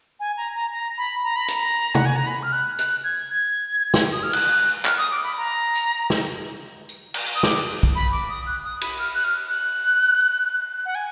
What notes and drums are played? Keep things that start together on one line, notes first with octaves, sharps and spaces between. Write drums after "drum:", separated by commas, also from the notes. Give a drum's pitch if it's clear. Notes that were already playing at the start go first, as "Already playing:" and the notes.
G#5
A#5
A#5
A#5
B5
A#5
B5
A#5, drum: hi-hat
F#5, drum: tom C3
G#5
A#5
B5
F6
F#6
F#6, drum: hi-hat
G#6
G#6
drum: snare
D#6
F6
F#6, drum: cymbal
F6, drum: clap
D#6
D6
B5
A#5
drum: tambourine
drum: snare
drum: tambourine
drum: cymbal
D#6
D6, drum: snare
drum: kick
B5
D6
D#6
F#6
D#6
B5, drum: cymbal
F6
F#6
F6
F#6
F#5
G#5